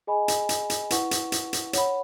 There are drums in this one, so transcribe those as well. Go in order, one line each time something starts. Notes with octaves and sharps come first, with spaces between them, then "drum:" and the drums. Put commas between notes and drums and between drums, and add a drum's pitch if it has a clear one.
G#4 D#5 G#5 B5
drum: hi-hat
drum: hi-hat
drum: hi-hat
E4 B4 F#5 C#6, drum: hi-hat
drum: hi-hat
drum: hi-hat
drum: hi-hat
C#5 F#5 B5, drum: hi-hat